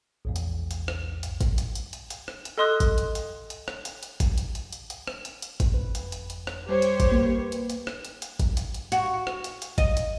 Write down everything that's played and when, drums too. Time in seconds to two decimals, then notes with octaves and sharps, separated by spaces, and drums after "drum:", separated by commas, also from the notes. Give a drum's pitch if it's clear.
0.25 A#1 E2 G#2
0.36 drum: hi-hat
0.71 drum: hi-hat
0.88 drum: rim click
1.23 drum: hi-hat
1.41 drum: kick, hi-hat
1.58 drum: hi-hat
1.75 drum: hi-hat
1.93 drum: hi-hat
2.10 drum: hi-hat
2.28 drum: rim click
2.45 drum: hi-hat
2.58 A4 D#5 C6 D#6 F#6
2.80 drum: kick, hi-hat
2.98 drum: hi-hat
3.15 drum: hi-hat
3.50 drum: hi-hat
3.68 drum: rim click
3.85 drum: hi-hat
4.03 drum: hi-hat
4.20 drum: kick, hi-hat
4.38 drum: hi-hat
4.55 drum: hi-hat
4.73 drum: hi-hat
4.90 drum: hi-hat
5.07 drum: rim click
5.25 drum: hi-hat
5.42 drum: hi-hat
5.60 drum: kick, hi-hat
5.70 G1 F2 B4
5.95 drum: hi-hat
6.12 drum: hi-hat
6.30 drum: hi-hat
6.47 drum: rim click
6.69 G3 G4 C5 C#5
6.82 drum: hi-hat
7.00 drum: kick, hi-hat
7.12 A#3 B4
7.52 drum: hi-hat
7.70 drum: hi-hat
7.87 drum: rim click
8.05 drum: hi-hat
8.22 drum: hi-hat
8.39 drum: kick, hi-hat
8.57 drum: hi-hat
8.74 drum: hi-hat
8.92 F#4, drum: hi-hat
9.27 drum: rim click
9.44 drum: hi-hat
9.62 drum: hi-hat
9.78 D#5, drum: kick, hi-hat
9.97 drum: hi-hat